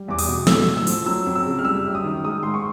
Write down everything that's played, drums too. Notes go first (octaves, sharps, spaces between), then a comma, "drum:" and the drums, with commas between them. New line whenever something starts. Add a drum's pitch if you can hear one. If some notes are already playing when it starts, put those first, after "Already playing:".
Already playing: G3
E2 D6
D#6, drum: open hi-hat
B2
A3 E6, drum: snare
A2
E6
F3, drum: open hi-hat
F#3 E6
F2
E6
C#3
F6
G3 E6
F#2
D#6
D#3
G#3 D#6
G#2 C6
C#6